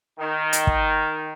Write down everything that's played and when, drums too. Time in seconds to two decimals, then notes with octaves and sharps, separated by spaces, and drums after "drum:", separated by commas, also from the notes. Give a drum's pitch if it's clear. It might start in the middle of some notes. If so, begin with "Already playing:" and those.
0.19 D#3
0.53 drum: hi-hat
0.67 drum: kick